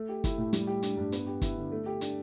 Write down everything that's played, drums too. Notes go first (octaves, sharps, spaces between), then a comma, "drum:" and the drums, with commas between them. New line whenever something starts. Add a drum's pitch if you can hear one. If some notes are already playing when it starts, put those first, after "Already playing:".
Already playing: A3
G4
E4, drum: kick, hi-hat
A2
G3, drum: hi-hat
G4
D4, drum: hi-hat
G2
B3, drum: hi-hat
G4
E4, drum: kick, hi-hat
D3
A3
G4
D4, drum: hi-hat